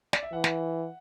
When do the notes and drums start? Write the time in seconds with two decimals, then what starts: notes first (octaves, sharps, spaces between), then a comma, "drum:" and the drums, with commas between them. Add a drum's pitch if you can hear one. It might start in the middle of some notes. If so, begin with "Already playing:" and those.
0.13 D5, drum: snare
0.23 E5
0.32 E3 F#5
0.44 drum: snare